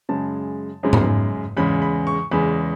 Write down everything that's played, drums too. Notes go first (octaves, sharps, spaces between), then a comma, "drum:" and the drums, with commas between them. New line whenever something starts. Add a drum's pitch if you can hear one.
F#2 C#3 G#3 A5
F#2 C#3 G#3
drum: tom G#2
E2 C#3 G#3 B5
B5
C#6
E2 C#3 G#3 B5